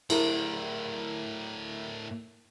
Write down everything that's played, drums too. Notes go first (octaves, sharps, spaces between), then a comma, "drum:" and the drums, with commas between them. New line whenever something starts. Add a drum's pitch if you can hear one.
A2 D4 E4 A#4, drum: cymbal